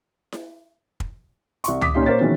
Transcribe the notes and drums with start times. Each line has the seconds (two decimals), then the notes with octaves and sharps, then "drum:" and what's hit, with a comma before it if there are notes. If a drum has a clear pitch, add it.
0.32 drum: snare E4
1.00 drum: kick
1.64 C2 C#6, drum: hi-hat
1.81 D6 D#6 B6, drum: tom C#2
1.94 A#2 C#4 D#4 G4 F5 C6
2.06 A#2 A#3 A#4 C5 C#5 A6
2.20 B2 D#3 E3 F#3 G#3 C#4